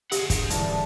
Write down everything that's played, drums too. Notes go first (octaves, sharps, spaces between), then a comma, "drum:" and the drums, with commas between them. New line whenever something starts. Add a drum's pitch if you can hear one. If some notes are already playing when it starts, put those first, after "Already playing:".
D3 G4 G#4 F#5, drum: hi-hat
drum: kick, hi-hat
C2 G#2 D3 E3 D5 A5, drum: hi-hat